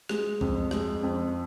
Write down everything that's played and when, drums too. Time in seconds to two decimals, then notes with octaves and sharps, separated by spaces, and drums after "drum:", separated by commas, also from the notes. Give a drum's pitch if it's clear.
0.09 G#3, drum: rim click
0.41 F2, drum: kick
0.71 G#3, drum: rim click
1.03 F2